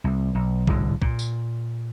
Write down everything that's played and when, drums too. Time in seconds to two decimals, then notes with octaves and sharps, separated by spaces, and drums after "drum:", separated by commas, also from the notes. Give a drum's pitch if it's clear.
0.04 C2
0.35 B1
0.67 D1 C2 G#2 D3, drum: kick B1
1.02 A#2, drum: kick B1
1.19 drum: tambourine